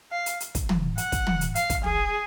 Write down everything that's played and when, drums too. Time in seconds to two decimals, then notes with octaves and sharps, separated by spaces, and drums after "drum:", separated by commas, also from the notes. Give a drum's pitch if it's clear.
0.12 F5
0.26 drum: hi-hat
0.40 drum: hi-hat
0.55 drum: kick, hi-hat
0.69 drum: tom
0.98 F#5, drum: hi-hat
1.12 drum: kick, hi-hat
1.27 drum: tom
1.41 drum: hi-hat
1.55 F5, drum: hi-hat
1.70 drum: kick, hi-hat
1.84 G#4, drum: tom